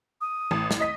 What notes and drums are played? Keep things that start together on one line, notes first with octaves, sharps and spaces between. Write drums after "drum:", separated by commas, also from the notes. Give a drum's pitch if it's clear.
D#6
A1, drum: tom E3
drum: snare
D#5 D#6 B6